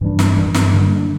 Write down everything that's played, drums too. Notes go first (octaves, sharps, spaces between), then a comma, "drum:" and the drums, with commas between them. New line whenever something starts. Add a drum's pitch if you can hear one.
G2 E3 G3 D4
drum: snare
G2 E3 G3 D4
drum: snare
D3 G3 A#3 D4